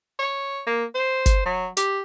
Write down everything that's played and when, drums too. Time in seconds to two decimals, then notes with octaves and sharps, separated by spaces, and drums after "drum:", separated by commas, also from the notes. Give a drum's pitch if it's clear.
0.19 C#5
0.67 A#3
0.95 C5
1.26 drum: kick, hi-hat
1.45 F#3
1.77 G4, drum: hi-hat